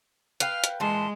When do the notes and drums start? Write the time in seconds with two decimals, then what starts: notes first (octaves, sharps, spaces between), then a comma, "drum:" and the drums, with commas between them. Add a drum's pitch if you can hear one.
0.40 B4 F5 G5 F6, drum: hi-hat
0.64 drum: hi-hat
0.80 A#2 E3 G#3 A5 C6